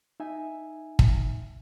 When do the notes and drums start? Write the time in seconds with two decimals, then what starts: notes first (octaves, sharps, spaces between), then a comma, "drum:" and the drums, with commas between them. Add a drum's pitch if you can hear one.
0.20 D#4 E5 G#5
0.99 drum: kick